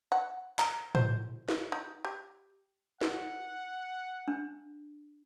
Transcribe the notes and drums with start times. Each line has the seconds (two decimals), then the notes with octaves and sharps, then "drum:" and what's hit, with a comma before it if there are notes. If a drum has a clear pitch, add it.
0.12 F#5
0.59 A#5, drum: clap
0.95 C5, drum: tom A2
1.49 drum: snare
1.72 D#4
2.05 G4
3.01 F#5, drum: snare
4.28 D4